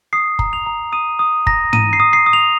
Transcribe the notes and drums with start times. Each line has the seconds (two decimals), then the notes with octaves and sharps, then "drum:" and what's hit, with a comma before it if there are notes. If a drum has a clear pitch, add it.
0.13 D#6 C7
0.39 A#5, drum: kick F#1
0.53 F7
0.66 A#5
0.92 D#6 D#7
1.19 D#6
1.47 A#5 A#6, drum: kick F#1
1.73 A#5 D#7, drum: tom G#2
1.93 C7
2.00 D#6
2.13 C7
2.26 D#6
2.33 F7